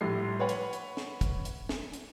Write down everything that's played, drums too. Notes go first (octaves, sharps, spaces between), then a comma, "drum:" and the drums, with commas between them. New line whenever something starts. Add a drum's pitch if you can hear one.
A#1 A2 G3 C7
B4 C#5 F#5 B5
drum: hi-hat
drum: hi-hat
drum: snare
drum: kick, hi-hat
drum: hi-hat
drum: snare
drum: hi-hat